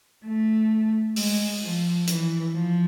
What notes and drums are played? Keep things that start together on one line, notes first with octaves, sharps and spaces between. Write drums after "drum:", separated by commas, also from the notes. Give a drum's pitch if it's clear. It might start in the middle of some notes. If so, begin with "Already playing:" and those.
A3
G#3, drum: open hi-hat
F3
E3, drum: hi-hat
F3